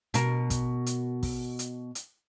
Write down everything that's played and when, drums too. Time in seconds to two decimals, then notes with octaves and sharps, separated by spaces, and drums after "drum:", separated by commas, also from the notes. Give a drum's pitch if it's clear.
0.14 B2 A#4, drum: hi-hat
0.50 drum: kick, hi-hat
0.86 drum: hi-hat
1.23 drum: kick, open hi-hat
1.59 drum: hi-hat
1.95 drum: hi-hat